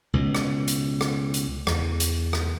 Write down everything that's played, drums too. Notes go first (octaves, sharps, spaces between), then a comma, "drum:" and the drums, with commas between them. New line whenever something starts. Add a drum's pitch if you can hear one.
C#2 B2
drum: rim click
drum: hi-hat
drum: rim click
drum: hi-hat
E2, drum: rim click
drum: hi-hat
drum: rim click